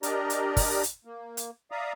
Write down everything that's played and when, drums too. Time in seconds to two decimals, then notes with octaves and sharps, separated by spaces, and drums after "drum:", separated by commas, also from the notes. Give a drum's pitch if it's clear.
0.03 D4 G4 A#4 D5 D#5 A#5, drum: hi-hat
0.30 drum: hi-hat
0.57 drum: kick, open hi-hat
0.83 drum: hi-hat
1.05 A#3
1.37 drum: hi-hat
1.71 D5 E5 F5 A#5 D#6